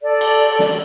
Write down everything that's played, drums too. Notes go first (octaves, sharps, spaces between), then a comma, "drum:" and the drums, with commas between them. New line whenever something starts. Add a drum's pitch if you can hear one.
A4 D5
drum: cymbal
drum: snare